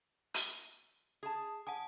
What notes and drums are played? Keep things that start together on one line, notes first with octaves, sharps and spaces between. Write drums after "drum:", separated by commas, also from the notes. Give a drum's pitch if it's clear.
drum: hi-hat
G#4 A5
F#5 G#5 A5 D#6